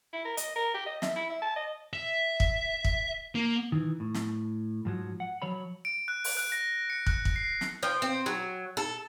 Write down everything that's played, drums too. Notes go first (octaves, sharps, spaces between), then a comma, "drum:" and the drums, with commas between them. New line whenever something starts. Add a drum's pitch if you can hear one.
E4
A#4
D#5, drum: hi-hat
A#4
G4
D#5
E5, drum: snare
E4
E5
A5
D#5
E5
drum: kick
drum: kick
A#3
D#3 E3
A2
drum: snare
G#2 F3 F#3
F#5
F3 F#3 C#5 B5
D7
F#6
drum: open hi-hat
F#6
A#6
C#7
F#6, drum: kick
drum: kick
C7
drum: snare
F3 G5
C4
F#3
A4